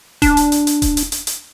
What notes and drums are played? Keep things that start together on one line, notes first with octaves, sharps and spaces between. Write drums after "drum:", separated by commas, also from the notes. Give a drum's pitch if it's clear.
D4, drum: kick D#1, hi-hat
drum: hi-hat
drum: hi-hat
drum: hi-hat
drum: kick D#1, hi-hat
drum: hi-hat
drum: hi-hat
drum: hi-hat